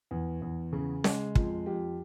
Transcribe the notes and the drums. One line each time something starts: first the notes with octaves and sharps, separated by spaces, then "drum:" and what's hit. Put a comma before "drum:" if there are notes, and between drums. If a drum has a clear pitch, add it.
E2
E2
C#3
G#3, drum: snare C#4
F2, drum: kick
F2 G4